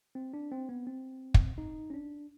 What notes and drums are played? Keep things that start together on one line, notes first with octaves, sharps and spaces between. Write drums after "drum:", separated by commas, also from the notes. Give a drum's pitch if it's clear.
C4
D4
C4
B3
C4
drum: kick
D#4
C#4
D4